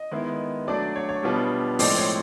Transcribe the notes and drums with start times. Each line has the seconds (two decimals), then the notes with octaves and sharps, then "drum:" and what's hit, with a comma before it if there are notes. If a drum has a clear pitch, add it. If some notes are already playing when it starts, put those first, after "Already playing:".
Already playing: D#5
0.12 D#3 G#3 B3 E4
0.67 F#3 A3 D4 D5
0.96 C#5
1.09 C#5
1.23 B2 G3 B3 D4 F4
1.79 A2 F3 G#3 C4 D5, drum: open hi-hat
1.98 C#5